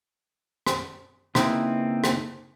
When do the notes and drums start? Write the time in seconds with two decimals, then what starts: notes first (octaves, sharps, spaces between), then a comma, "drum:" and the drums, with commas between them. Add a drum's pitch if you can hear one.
0.67 drum: rim click
1.35 C#3 A#3 C4 D#4 E4 B4, drum: rim click
2.04 drum: rim click